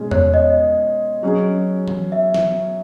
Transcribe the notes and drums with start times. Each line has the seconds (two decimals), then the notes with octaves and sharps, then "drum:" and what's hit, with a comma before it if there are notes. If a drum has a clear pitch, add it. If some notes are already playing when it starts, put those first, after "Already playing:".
Already playing: B2 G#3 C#4 G#4
0.11 C#5, drum: tom E2
0.34 D#5
1.23 F#3 C#4 G#4
1.88 drum: tom E3
2.12 E5
2.34 drum: snare